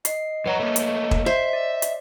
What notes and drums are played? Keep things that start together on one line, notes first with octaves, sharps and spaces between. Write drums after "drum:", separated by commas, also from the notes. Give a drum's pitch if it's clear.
D#5 C7, drum: hi-hat
F2 B4 C#5 F#5 A#5
A3 A#3
drum: hi-hat
drum: kick
C5 E5
D5
drum: hi-hat